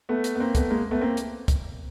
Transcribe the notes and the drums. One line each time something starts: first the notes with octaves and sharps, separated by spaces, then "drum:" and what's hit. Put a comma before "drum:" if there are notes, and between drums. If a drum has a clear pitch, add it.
A3 B3
drum: hi-hat
B3
A#3 C4
A3 B3, drum: kick, hi-hat
G#3 A#3
A3 B3
A#3 C4
drum: hi-hat
drum: kick, hi-hat